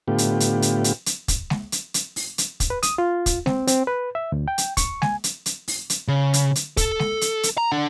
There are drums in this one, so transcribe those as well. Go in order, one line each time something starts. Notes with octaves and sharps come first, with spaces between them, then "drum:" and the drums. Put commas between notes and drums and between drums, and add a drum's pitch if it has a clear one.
A2 D3 B3 F4 G4
drum: hi-hat
drum: hi-hat
drum: hi-hat
drum: hi-hat
drum: hi-hat
drum: kick, hi-hat
drum: snare G#3
drum: hi-hat
drum: hi-hat
drum: open hi-hat
drum: hi-hat
drum: kick, hi-hat
B4
D#6, drum: hi-hat
F4
drum: kick, hi-hat
C4, drum: snare G#3
C4, drum: hi-hat
B4
E5
D2
G5
drum: hi-hat
C#6, drum: kick, hi-hat
G#5, drum: snare G#3
drum: hi-hat
drum: hi-hat
drum: open hi-hat
drum: hi-hat
C#3
drum: hi-hat
drum: hi-hat
A4, drum: kick, hi-hat
drum: snare G#3
drum: hi-hat
drum: hi-hat
A#5
D4 F#5